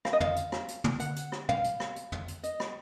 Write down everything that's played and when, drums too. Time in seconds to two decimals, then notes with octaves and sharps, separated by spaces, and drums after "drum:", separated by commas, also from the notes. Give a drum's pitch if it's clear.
0.05 F5, drum: rim click
0.13 D#5
0.20 F5, drum: tom
0.36 drum: hi-hat
0.52 drum: rim click
0.68 drum: hi-hat
0.84 drum: tom
1.00 F#5, drum: hi-hat
1.16 drum: hi-hat
1.32 drum: rim click
1.49 F5, drum: tom
1.64 drum: hi-hat
1.80 drum: rim click
1.96 drum: hi-hat
2.12 drum: tom
2.28 drum: hi-hat
2.43 D#5, drum: hi-hat
2.60 drum: rim click